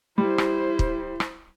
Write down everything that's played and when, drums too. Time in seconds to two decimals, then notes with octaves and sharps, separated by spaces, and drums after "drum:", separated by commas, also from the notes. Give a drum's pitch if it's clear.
0.18 G3 E4 C5
0.38 drum: rim click
0.79 drum: kick
1.20 drum: rim click